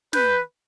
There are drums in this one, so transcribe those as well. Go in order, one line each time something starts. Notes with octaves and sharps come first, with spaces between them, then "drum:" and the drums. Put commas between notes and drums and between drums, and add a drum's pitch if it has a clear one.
B4 G6, drum: snare